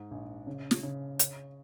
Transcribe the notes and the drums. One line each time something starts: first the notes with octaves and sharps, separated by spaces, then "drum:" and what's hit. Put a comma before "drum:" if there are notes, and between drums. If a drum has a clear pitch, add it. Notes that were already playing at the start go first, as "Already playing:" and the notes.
Already playing: G#2
A#1
C#3
drum: snare
C#3
C#4, drum: hi-hat